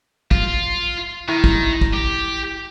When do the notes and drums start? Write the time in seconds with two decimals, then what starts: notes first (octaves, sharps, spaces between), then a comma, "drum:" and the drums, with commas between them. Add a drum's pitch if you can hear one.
0.31 F4, drum: kick
1.29 D#3 E4
1.44 drum: kick
1.81 drum: kick
1.94 G4